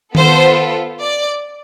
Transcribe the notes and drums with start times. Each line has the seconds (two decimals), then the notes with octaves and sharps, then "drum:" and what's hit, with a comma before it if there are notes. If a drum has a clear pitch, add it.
0.15 B3 F4 A4 C5, drum: tom D#3
1.00 D5